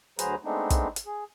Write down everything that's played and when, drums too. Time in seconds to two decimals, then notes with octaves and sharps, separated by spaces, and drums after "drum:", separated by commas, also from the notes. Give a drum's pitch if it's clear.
0.19 D2 F#3 G#4 B4 C5 A#5, drum: hi-hat
0.45 G#3 A3 B3 C4 D4 D#4
0.70 drum: kick, hi-hat
0.96 drum: hi-hat
1.06 G#4